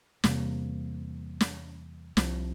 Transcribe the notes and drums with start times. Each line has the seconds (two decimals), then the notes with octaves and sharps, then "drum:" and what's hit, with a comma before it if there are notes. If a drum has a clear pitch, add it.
0.24 E2 C3 G3 A#3, drum: snare
1.41 drum: snare
2.17 C2 C3 F3, drum: snare